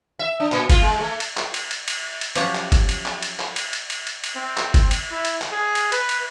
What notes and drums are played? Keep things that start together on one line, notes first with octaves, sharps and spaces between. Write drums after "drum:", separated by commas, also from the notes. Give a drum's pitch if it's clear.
E5
D4
A#2, drum: clap
F4, drum: kick, cymbal
G#3
A3
drum: cymbal
drum: clap
drum: cymbal
drum: cymbal
drum: cymbal
drum: cymbal
F3 F#3 C#4 G4 C#5 F#5, drum: cymbal
drum: clap
drum: kick, cymbal
drum: cymbal
drum: clap
drum: cymbal
drum: clap
drum: cymbal
drum: cymbal
drum: cymbal
drum: cymbal
drum: cymbal
C4
drum: clap
drum: kick, cymbal
drum: cymbal
E4
drum: cymbal
drum: clap
G#4
drum: cymbal
B4, drum: cymbal
drum: cymbal